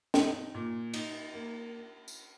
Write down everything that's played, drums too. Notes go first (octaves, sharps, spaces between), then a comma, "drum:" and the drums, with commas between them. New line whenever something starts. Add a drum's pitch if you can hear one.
D#4, drum: snare
A#2
D#4, drum: cymbal
A#3
drum: tambourine